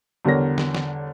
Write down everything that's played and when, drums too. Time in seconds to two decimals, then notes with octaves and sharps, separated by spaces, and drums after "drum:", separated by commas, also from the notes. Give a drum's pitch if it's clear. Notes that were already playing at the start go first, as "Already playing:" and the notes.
0.25 E2 D3 G3 A#4 C#5 A#6
0.58 drum: snare
0.75 drum: snare